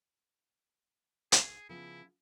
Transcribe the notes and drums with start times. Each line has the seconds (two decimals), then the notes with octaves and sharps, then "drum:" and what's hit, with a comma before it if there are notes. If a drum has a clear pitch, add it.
1.32 G#4, drum: hi-hat
1.69 C#3 F3 B3 E4